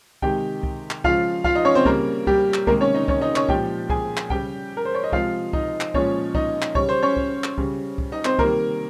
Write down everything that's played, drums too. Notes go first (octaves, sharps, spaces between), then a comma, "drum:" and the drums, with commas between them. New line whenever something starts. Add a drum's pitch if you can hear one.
C3 D#3 G#3 G4 G5, drum: kick C2
drum: kick C2
drum: clap
C#3 F3 G#3 F4 F5, drum: kick C2
F4 F5, drum: kick C2
D#4 D#5
C#4 C#5
C4 C5
C#3 G3 A#3 A#4, drum: kick C2
G3 G4, drum: kick C2
drum: clap
C3 D#3 G#3 A#3 A#4, drum: kick C2
C#4 C#5
D#4 D#5
C#4 C#5, drum: kick C2
D#4 D#5
C#4 C#5, drum: clap
A#2 F3 G#3 G4 G5, drum: kick C2
G#4 G#5, drum: kick C2
drum: clap
C#3 G3 G4 G5, drum: kick C2
A#4
C5
C#5
D#5
C3 F3 G#3 F4 F5, drum: kick C2
D#4 D#5, drum: kick C2
drum: clap
A#2 F3 G#3 C#4 C#5, drum: kick C2
D#4 D#5, drum: kick C2
drum: clap
C#3 G3 C#5, drum: kick C2
C5
C#4 C#5
drum: kick C2
drum: clap
C#3 G3, drum: kick C2
drum: kick C2
D#4 D#5
C4 C5, drum: clap
C3 D#3 G3 A#3 A#4, drum: kick C2